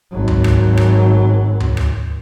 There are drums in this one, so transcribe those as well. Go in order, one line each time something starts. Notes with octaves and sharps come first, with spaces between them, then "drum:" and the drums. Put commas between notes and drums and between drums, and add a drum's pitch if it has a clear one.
G#1 F#3
drum: tom D2
drum: rim click
drum: rim click
drum: tom D2
drum: rim click